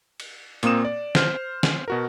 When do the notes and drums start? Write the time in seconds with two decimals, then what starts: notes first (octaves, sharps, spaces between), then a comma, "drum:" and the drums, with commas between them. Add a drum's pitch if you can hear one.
0.20 drum: cymbal
0.63 A#2 A#3 C4 D#6 E7, drum: hi-hat
0.85 D5
1.15 C5 F6, drum: snare
1.63 drum: snare
1.88 B2 F#4 A#4